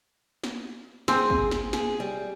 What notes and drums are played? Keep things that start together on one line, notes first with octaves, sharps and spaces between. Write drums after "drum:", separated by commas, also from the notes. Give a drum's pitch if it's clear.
drum: snare
C4 G#4, drum: snare
drum: kick
drum: snare
G#4, drum: snare
G3